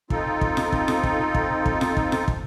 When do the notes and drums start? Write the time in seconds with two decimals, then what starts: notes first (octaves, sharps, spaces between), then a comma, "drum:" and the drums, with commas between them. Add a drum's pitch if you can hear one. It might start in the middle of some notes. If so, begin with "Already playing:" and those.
0.10 C4 D#4 F4 A4, drum: kick
0.41 drum: kick
0.57 drum: snare F4
0.72 drum: kick
0.88 drum: snare F4
1.03 drum: kick
1.35 drum: kick
1.66 drum: kick
1.81 drum: snare F4
1.97 drum: kick
2.12 drum: snare F4
2.28 drum: kick